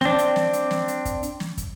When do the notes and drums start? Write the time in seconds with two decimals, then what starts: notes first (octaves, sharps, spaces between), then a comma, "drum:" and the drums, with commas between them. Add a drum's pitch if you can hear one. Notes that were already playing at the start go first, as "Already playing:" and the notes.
0.01 C4 D4, drum: snare
0.18 drum: hi-hat
0.36 drum: snare
0.53 drum: hi-hat
0.71 drum: snare
0.88 drum: hi-hat
1.05 drum: kick, hi-hat
1.23 drum: hi-hat
1.40 drum: snare
1.57 drum: kick, hi-hat